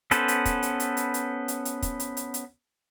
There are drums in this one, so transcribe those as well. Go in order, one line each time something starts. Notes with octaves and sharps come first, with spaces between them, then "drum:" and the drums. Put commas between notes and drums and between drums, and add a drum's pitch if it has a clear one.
B3 C#4 A4 B4 C5, drum: hi-hat
drum: hi-hat
drum: kick, hi-hat
drum: hi-hat
drum: hi-hat
drum: hi-hat
drum: hi-hat
drum: hi-hat
drum: hi-hat
drum: kick, hi-hat
drum: hi-hat
drum: hi-hat
drum: hi-hat